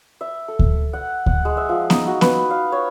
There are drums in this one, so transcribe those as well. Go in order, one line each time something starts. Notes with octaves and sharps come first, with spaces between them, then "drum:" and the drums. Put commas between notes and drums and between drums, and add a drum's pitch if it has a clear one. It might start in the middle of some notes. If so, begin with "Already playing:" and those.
E5
A4
drum: kick D2
F#5
F#5, drum: kick D2
G#3
E5
F3
D#4, drum: snare B3
F#4
B4, drum: snare B3
F5
C#5